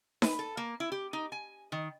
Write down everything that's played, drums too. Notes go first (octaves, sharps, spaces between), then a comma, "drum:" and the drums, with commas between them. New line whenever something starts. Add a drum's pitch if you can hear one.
B4, drum: snare D#4
A4
A#3
E4
G4
D#4
G#5
D#3